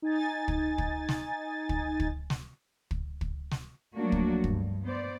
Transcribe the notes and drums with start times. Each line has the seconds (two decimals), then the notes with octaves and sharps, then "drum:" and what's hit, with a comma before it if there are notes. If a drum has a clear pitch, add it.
0.02 D#4 G#5 A6
0.48 drum: kick
0.78 drum: kick
1.09 drum: snare
1.69 drum: kick
2.00 drum: kick
2.30 drum: snare
2.91 drum: kick
3.21 drum: kick
3.51 drum: snare
3.97 F3 F#3 A3 A#3 D4 F#4
4.12 drum: kick
4.44 G2, drum: kick
4.82 B3 C5 D5